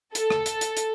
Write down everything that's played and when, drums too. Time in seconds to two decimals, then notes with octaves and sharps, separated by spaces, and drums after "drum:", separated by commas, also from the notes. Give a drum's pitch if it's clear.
0.15 A4, drum: hi-hat
0.30 drum: rim click
0.46 drum: hi-hat
0.61 drum: hi-hat
0.77 drum: hi-hat